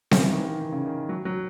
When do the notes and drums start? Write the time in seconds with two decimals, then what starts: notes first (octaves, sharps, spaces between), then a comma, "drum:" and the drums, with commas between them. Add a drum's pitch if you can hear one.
0.11 C#3, drum: snare C4
0.22 E3
0.27 D#3
0.44 D#3
0.60 D#3
0.72 C#3
0.86 D#3
1.09 F#3
1.25 F#3